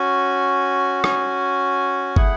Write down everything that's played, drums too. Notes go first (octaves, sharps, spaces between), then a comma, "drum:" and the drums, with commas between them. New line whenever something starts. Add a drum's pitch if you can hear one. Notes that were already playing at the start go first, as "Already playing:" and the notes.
Already playing: C#4 F#4 G#5
G#5, drum: rim click
A3 E4 G#4 F#5, drum: kick